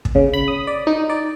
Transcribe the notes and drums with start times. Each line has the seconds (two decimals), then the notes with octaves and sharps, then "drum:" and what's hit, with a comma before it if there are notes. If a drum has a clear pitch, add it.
0.05 drum: kick
0.15 C#3
0.34 B5
0.48 D#6
0.67 D5
0.87 D#4
1.10 D5